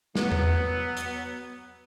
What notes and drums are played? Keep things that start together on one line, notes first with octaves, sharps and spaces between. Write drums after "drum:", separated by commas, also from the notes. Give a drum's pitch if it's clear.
F#3 B3, drum: snare
drum: tom E2
drum: hi-hat